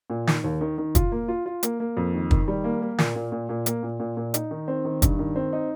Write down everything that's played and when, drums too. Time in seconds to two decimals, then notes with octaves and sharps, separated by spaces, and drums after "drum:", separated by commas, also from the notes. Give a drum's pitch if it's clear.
0.10 A#2
0.27 D#3, drum: snare
0.44 D#2
0.61 D#3
0.78 D#3
0.95 F4, drum: kick, hi-hat
1.12 A#3
1.28 F4
1.46 F4
1.63 A#3, drum: hi-hat
1.80 A#3
1.97 F2
2.14 D#3
2.31 D#3, drum: kick
2.48 G3
2.64 A#3
2.82 A#3
2.98 A#2, drum: snare
3.15 A#2
3.32 A#2
3.49 A#2
3.66 A#3, drum: hi-hat
3.83 A#2
4.00 A#2
4.17 A#2
4.34 D#4, drum: hi-hat
4.51 D#3
4.68 C4
4.85 D#3
5.02 G2, drum: kick, hi-hat
5.19 D#3
5.36 C4
5.53 D#4